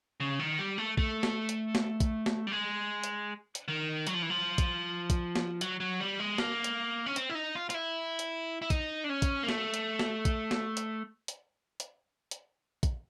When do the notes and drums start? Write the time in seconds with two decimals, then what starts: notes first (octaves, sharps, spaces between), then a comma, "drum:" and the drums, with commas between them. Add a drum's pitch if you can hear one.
0.20 C#3
0.39 D#3
0.59 G3
0.78 A3
0.98 A3, drum: kick
1.23 drum: snare
1.49 drum: hi-hat
1.75 drum: snare
2.00 drum: kick, hi-hat
2.26 drum: snare
2.47 G3
2.52 G#3
3.04 drum: hi-hat
3.55 drum: hi-hat
3.68 D#3
4.07 F#3, drum: hi-hat
4.14 F3
4.22 E3
4.30 F3
4.58 drum: kick, hi-hat
5.10 drum: kick, hi-hat
5.36 drum: snare
5.61 F#3, drum: hi-hat
5.80 F#3
6.00 G3
6.20 G#3
6.38 A#3, drum: snare
6.64 drum: hi-hat
7.06 C#4
7.16 C4, drum: hi-hat
7.30 E4
7.35 D#4
7.55 F4
7.70 F4, drum: hi-hat
7.74 E4
8.19 drum: hi-hat
8.62 E4
8.70 D#4, drum: kick, hi-hat
9.04 D4
9.09 C#4
9.22 drum: kick, hi-hat
9.43 A#3
9.49 A3, drum: snare
9.74 drum: hi-hat
9.99 drum: snare
10.25 drum: kick, hi-hat
10.51 drum: snare
10.77 drum: hi-hat
11.28 drum: hi-hat
11.80 drum: hi-hat
12.31 drum: hi-hat
12.83 drum: kick, hi-hat